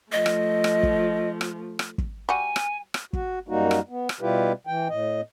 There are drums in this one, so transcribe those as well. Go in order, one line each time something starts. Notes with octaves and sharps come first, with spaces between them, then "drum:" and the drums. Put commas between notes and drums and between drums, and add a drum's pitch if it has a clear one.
F3 A3 D#5
drum: rim click
drum: rim click
drum: kick
drum: rim click
drum: rim click
drum: kick
G3 F#4 G#5
drum: rim click
drum: rim click
F#4, drum: kick
F#2 G3 A#3 D#4 F#4
drum: rim click
B3
drum: rim click
B2 G3 E4 F4 G4 B4
E3 G5
A2 D#5